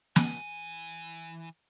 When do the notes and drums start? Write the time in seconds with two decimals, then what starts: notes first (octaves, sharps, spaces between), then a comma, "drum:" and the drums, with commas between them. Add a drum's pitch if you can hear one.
0.16 E3 G#5, drum: snare